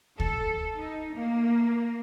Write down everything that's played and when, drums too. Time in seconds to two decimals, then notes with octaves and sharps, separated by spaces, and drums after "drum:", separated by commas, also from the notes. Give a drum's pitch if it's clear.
0.20 A4, drum: kick
0.77 D#4
1.16 A#3